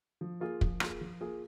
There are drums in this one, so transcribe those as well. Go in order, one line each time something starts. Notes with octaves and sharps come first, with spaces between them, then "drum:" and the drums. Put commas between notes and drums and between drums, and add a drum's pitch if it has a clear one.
F3
A#3 F4 G#4
F3, drum: kick
A#3 F4 G#4, drum: rim click
F3
A#3 F4 G#4